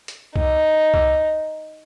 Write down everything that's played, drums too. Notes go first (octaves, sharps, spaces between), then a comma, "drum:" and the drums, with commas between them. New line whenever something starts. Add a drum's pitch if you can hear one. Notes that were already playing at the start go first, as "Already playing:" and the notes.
drum: hi-hat
D#4, drum: kick C2
drum: kick C2